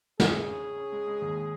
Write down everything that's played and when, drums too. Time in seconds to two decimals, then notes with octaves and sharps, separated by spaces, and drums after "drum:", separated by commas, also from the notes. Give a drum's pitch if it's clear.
0.20 C#4 G#4, drum: snare
0.35 C#3
0.49 C#4
0.63 C#4
0.78 C#4
0.92 G#3
1.07 G#3
1.22 D#2
1.36 G#3